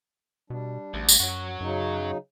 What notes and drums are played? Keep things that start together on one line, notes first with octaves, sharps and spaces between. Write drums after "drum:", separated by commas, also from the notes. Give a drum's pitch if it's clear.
B2 G3 D4
A1 D2
drum: tambourine
F#2 F#4 C#5
F#2 C#3 F#3 D#4